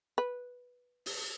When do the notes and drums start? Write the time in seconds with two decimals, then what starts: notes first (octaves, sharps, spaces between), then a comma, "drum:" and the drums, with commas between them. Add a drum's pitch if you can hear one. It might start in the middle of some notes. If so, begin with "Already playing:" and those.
0.18 B4
1.06 drum: open hi-hat